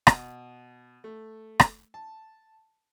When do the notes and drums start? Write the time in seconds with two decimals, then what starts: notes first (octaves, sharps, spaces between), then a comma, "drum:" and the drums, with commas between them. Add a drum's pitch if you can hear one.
0.07 B2, drum: rim click
1.04 A3
1.60 drum: rim click
1.94 A5